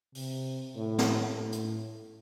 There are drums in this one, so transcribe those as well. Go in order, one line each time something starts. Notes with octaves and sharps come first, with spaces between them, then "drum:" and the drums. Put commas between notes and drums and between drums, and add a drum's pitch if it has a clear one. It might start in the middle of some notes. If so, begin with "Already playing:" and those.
C3, drum: open hi-hat
A2
drum: snare
A2
drum: hi-hat